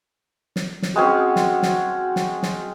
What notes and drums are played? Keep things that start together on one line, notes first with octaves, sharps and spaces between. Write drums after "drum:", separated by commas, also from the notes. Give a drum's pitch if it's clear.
drum: snare
drum: snare
G#3 C4 C#4 F#4
drum: snare
drum: snare
drum: snare
drum: snare